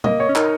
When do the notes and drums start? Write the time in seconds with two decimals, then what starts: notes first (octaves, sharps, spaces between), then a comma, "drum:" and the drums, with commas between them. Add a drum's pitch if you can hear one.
0.04 A#3 D#5, drum: tom
0.20 C#5
0.29 C#4
0.36 D#4 A#4, drum: clap